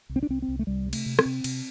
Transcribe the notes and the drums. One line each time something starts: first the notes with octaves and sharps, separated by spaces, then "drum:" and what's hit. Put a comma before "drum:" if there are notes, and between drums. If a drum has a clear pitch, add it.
C2
C4
D4
C2 C4
C4
C2
A3
C2 G3
C3
A3, drum: cymbal
C3
C4, drum: rim click
C3
C3, drum: cymbal